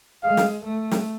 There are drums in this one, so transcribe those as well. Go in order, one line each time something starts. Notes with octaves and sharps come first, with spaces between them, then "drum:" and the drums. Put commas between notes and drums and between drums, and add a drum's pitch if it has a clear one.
G#3 F5
drum: snare
A3
drum: snare